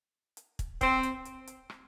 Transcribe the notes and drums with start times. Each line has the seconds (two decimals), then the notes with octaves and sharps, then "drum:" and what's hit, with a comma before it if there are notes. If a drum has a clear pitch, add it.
0.37 drum: hi-hat
0.59 drum: kick, hi-hat
0.81 C4, drum: kick, hi-hat
1.03 drum: hi-hat
1.25 drum: hi-hat
1.47 drum: hi-hat
1.70 drum: rim click